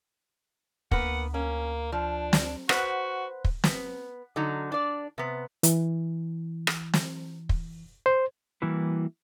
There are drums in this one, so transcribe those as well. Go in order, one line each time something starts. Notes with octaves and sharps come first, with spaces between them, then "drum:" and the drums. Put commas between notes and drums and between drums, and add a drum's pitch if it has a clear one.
D2 A#3 B3 B4 F#5, drum: kick
A#3 C#4
F3 D4
drum: snare
F#4 B4 C5 F#5, drum: rim click
drum: kick
B3, drum: snare
D3 F#3 D#4
D4 D5
C3 B3
E3, drum: hi-hat
drum: rim click
drum: snare
drum: kick
C5
E3 G3 A#3 E4 F#4 B4